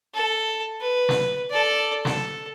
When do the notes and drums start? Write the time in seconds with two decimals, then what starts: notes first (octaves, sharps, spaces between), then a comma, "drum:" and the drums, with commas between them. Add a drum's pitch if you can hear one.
0.14 A4
0.81 B4
1.09 drum: snare
1.50 A4 D5
2.05 A4, drum: snare